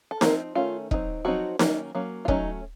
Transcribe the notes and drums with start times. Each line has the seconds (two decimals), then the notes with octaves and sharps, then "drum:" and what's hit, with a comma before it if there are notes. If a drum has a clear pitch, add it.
0.11 A4
0.21 F3 A#3 C4 D#4 A#4, drum: snare D#4
0.55 D#3 A3 C#4 F4
0.91 F#3 C4 D#4, drum: kick E1
1.25 F3 F#3 C4 D#4 F#4
1.59 D#3 F#3 A#3 C#4, drum: snare D#4
1.95 F#3 A#3 C#4
2.25 F4
2.28 F#3 A3 C#4 D#4, drum: kick E1